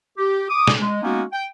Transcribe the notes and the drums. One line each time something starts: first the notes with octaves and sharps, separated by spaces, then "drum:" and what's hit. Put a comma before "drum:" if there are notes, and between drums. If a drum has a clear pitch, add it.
G4
D6 D#6
drum: snare
G#3
G#3 A#3 B3 C#4 D#4 F#4
G5